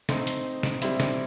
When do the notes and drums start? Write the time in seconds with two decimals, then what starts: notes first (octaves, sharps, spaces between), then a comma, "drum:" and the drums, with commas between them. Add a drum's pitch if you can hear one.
0.09 A3 C4 D#4, drum: snare
0.27 drum: hi-hat
0.63 drum: snare
0.82 G3 C4 E4, drum: hi-hat
1.00 drum: snare